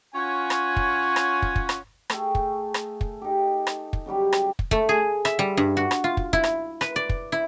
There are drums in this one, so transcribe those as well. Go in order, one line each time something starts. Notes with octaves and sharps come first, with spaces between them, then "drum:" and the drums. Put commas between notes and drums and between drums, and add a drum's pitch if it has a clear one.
C#4 F4 C#5 F#5 G#5
drum: rim click
drum: kick
drum: rim click
drum: kick
drum: kick
drum: rim click
A3 G#4 G5, drum: rim click
drum: kick
drum: rim click
drum: kick
D#4 G4
drum: rim click
drum: kick
C#3 F#3 G3 G4
drum: rim click
drum: kick
A3, drum: kick
G#4
E5, drum: rim click
G3
G2
F#4
drum: rim click
F4
drum: kick
E4, drum: kick
drum: rim click
B4, drum: rim click
D5
drum: kick
E4